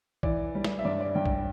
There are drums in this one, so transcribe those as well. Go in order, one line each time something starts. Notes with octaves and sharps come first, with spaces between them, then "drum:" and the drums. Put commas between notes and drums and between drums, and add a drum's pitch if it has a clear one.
E3 D5, drum: kick A#1
G3
drum: snare
E5
G2 D5
D5
G2 G5
drum: kick A#1